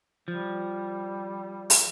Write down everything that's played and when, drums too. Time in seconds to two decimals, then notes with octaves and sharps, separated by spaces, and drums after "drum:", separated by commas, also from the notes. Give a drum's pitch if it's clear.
0.28 F3 G3
1.70 drum: open hi-hat